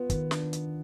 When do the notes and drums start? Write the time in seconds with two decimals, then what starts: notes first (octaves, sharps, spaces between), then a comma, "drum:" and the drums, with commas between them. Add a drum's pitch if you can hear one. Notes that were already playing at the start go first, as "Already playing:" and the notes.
Already playing: B3 F4
0.10 D#3, drum: kick, hi-hat
0.31 D4, drum: snare
0.53 drum: hi-hat